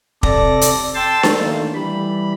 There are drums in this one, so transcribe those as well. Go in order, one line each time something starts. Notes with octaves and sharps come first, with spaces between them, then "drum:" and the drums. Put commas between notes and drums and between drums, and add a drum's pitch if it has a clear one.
C3 A4 D5 A#6, drum: kick
drum: hi-hat
G5 A5 C6 E6 A6
drum: snare D4
D#3 A3 A#3
E3 G3 B5